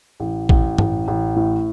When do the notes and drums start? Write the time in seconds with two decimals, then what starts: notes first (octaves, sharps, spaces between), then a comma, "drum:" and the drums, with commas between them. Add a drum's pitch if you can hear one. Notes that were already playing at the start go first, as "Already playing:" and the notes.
0.20 A1
0.49 A1, drum: kick
0.78 A1, drum: tom G2
1.08 A1
1.36 A2